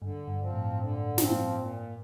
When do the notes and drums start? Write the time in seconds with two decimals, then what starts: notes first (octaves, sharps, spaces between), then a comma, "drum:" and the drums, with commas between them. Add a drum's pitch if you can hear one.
0.02 G2 D3
0.27 G2
0.41 F3 C4
0.53 A2
0.79 D3
1.18 F3 C4, drum: snare
1.56 A#2